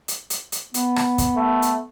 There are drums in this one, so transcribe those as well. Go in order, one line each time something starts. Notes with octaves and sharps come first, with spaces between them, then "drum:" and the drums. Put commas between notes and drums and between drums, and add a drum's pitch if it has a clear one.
drum: hi-hat
drum: hi-hat
drum: hi-hat
B3, drum: hi-hat
drum: rim click
drum: kick, hi-hat
A3
drum: hi-hat